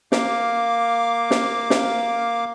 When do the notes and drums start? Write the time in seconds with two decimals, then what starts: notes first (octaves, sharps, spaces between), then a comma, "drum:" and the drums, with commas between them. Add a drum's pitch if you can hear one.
0.12 A#3 F5 D6, drum: snare
1.31 drum: snare
1.70 drum: snare